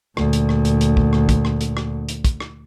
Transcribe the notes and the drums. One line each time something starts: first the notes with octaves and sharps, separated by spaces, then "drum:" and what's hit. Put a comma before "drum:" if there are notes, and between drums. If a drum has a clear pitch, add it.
D2 A#2, drum: rim click
drum: hi-hat
drum: rim click
drum: hi-hat
drum: hi-hat
drum: kick
drum: rim click
drum: kick, hi-hat
drum: rim click
drum: hi-hat
drum: rim click
drum: hi-hat
drum: kick, hi-hat
drum: rim click